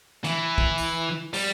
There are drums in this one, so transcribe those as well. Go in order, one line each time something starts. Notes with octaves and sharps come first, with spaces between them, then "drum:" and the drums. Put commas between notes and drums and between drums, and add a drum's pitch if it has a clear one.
E3, drum: hi-hat
drum: kick
drum: tambourine
G3, drum: open hi-hat